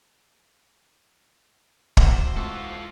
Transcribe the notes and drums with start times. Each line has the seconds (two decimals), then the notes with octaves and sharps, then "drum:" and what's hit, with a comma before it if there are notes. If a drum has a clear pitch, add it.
1.97 F#1 E4 F#4 C5 G5 D6, drum: kick
2.37 C#2 F4 A4 C#6 D6